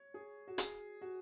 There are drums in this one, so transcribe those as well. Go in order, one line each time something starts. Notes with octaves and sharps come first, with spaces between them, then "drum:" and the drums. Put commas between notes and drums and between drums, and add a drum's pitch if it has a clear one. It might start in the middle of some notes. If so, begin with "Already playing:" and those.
Already playing: C#5
G#4
F#4
G#4, drum: hi-hat
F#4